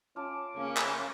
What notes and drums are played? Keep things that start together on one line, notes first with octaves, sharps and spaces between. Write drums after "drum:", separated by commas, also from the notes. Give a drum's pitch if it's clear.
C#4 F4 A5 D6
C#3 A#3 C#4
drum: clap